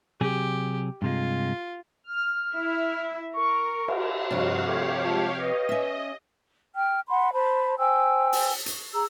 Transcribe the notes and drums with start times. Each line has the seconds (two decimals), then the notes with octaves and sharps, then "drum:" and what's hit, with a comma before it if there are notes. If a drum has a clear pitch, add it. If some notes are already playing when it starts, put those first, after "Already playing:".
0.21 C3 F#3 G4 G#4
1.02 G2 C3 G#3 F4
2.04 F6
2.53 E4 E5
3.34 A#4 C#6
3.88 drum: cymbal
4.31 G2 C3 F3 D#4 F#4 C#5 D#5 F5
4.65 A#1 A3 G4 C#5 F5
5.05 G#3 F4 A5
5.39 B4 D#5
5.69 C#4 E5
6.75 G5 F6
7.08 F#5 B5 C6
7.32 C5 A5 B5
7.78 C5 G5 G#5 E6
8.33 drum: open hi-hat
8.66 C#6, drum: hi-hat
8.93 G#4 A#5 E6